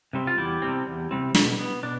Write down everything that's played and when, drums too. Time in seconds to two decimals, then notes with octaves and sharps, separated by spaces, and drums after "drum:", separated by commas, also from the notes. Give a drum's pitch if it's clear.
0.13 C3 G3 C4
0.27 F4
0.37 E2 E4 G4
0.62 C3 G3 C4
0.87 E2
1.11 C3 G3 C4
1.35 B2, drum: snare
1.59 B3
1.83 B2 D4